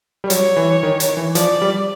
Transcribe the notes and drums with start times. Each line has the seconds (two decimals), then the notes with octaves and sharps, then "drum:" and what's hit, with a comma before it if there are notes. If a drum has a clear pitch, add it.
0.24 G3
0.30 F#3 C#5, drum: hi-hat
0.57 E3
0.83 D#3
1.00 drum: hi-hat
1.17 E3
1.35 F3 D5, drum: hi-hat
1.62 G3